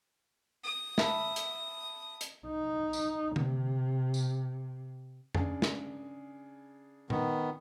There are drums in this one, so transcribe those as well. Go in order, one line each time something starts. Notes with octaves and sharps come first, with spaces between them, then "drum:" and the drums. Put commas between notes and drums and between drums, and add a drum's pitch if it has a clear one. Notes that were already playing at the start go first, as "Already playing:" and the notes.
D#6
E5 A5 B5, drum: snare
drum: hi-hat
drum: hi-hat
D#4
drum: tambourine
C3, drum: tom D3
drum: tambourine
C#3 D4 G#4, drum: tom F2
drum: snare
D#3 B3, drum: tom A#2